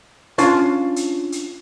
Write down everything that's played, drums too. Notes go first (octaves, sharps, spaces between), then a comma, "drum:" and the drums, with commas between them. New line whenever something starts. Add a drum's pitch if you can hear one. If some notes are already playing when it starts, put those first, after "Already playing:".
C#4 D4 F4, drum: hi-hat
drum: hi-hat
drum: hi-hat